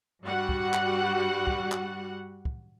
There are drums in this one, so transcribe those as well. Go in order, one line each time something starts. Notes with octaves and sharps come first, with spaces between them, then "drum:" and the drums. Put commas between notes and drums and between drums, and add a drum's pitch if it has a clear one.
G2 G3 F#4 F#5 F#6
drum: kick
drum: clap
drum: kick
drum: clap
drum: kick